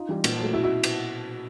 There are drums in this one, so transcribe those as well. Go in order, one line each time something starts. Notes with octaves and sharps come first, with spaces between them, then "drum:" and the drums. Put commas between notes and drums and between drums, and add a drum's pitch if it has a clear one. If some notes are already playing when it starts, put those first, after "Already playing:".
Already playing: D#4 F4
E3 G3
A#2, drum: cymbal
F#3 A3
B2 E4 F#4
E4 F#4
drum: cymbal